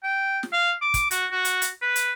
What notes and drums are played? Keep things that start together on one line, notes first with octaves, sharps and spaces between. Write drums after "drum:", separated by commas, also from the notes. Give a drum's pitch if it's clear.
G5
drum: snare
F5
D6
drum: kick, hi-hat
F#4, drum: hi-hat
F#4
drum: hi-hat
drum: hi-hat
B4
drum: hi-hat